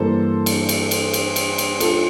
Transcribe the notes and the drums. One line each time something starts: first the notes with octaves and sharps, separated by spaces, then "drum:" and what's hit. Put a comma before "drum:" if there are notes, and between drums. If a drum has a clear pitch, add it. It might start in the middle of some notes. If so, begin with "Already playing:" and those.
Already playing: G2 E3 A#3 A4 C5
drum: cymbal
drum: cymbal
drum: cymbal
drum: cymbal
drum: cymbal
drum: cymbal
F4 A4, drum: cymbal